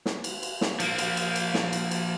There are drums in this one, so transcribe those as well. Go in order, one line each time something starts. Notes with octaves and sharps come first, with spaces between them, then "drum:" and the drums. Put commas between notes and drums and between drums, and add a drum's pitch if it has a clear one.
drum: snare
drum: cymbal
drum: cymbal
drum: snare
F3 A#3, drum: cymbal
drum: cymbal
drum: cymbal
drum: cymbal
drum: snare
drum: cymbal
drum: cymbal